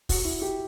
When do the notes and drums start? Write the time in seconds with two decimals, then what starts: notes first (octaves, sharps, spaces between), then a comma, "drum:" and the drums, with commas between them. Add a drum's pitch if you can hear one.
0.09 F#4, drum: kick, open hi-hat
0.25 E4
0.42 G4